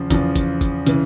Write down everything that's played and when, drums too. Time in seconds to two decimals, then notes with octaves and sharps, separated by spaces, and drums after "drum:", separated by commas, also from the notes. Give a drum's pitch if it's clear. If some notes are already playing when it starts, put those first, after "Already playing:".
Already playing: E2 C#3 F3
0.10 E2 C#3 F3, drum: kick, hi-hat
0.36 drum: kick, hi-hat
0.61 drum: kick, hi-hat
0.86 C#3 E3, drum: hi-hat